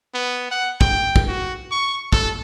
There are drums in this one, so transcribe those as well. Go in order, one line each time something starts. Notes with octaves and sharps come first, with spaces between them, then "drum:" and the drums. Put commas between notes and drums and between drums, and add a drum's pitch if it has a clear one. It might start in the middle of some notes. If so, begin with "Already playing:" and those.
B3
F#5
G5, drum: kick
drum: kick
F#4
C#6
A4, drum: kick